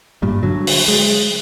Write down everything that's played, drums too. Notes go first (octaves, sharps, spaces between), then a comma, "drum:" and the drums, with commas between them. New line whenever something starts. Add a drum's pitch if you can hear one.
G2 A#2 G3
D3 F#3
drum: open hi-hat
G#3